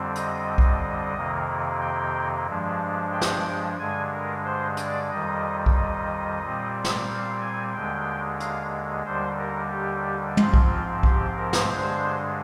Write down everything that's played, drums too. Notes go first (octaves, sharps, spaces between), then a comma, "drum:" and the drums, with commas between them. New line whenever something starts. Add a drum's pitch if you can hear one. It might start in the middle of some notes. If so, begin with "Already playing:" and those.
Already playing: F2 D3 G3 C4
D#5, drum: hi-hat
drum: kick B1
F2 C3 D#3 A#3
G5
G2 F3 G#3 D4
G5
drum: snare
G2 D3 G#3 G#5
A#4
C5
D5, drum: hi-hat
F2 D#3 G3 D#5
drum: kick B1
D#5
A#2 G3 C4
drum: snare
F5
G#5
D#2 D3 G#3 G5
F5, drum: hi-hat
D#2 D3 G3 C5
A#4
G4
G#2 F3 C4 F4, drum: tom
drum: kick B1
G4, drum: kick B1
A#4
drum: snare
G2 D3 G#3 C5